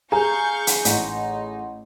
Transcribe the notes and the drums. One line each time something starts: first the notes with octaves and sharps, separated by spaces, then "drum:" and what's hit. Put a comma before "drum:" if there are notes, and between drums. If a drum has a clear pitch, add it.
G#4 F5 A#5 C#6 G6
drum: hi-hat
A1 D#4, drum: hi-hat